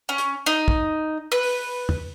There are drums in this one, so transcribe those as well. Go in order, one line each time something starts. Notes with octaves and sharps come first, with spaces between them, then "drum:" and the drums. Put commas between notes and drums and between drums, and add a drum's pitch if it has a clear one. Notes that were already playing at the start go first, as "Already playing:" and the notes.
C#4
drum: hi-hat
D#4
drum: kick
B4
drum: open hi-hat
drum: tom